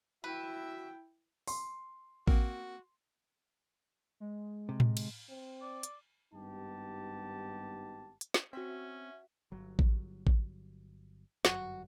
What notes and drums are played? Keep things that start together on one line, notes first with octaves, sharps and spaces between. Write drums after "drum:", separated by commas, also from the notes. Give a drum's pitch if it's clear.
E4 F#4 B4 E5 G5
C6, drum: open hi-hat
A#3 C4 F#4 A#4, drum: kick A1
G#3
C3
drum: tom A2
drum: cymbal
C4
D5
drum: hi-hat
G#1 G2 B3 D#4 G4 A5
drum: hi-hat
drum: snare
C4 C#4 F#4 E5
G1 F#3
drum: kick A1
drum: kick A1
G1 F#2 F#3 F#4, drum: snare